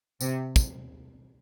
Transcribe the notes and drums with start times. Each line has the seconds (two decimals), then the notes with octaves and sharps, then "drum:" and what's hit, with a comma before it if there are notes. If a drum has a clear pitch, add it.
0.21 C3, drum: tambourine
0.56 drum: kick, tambourine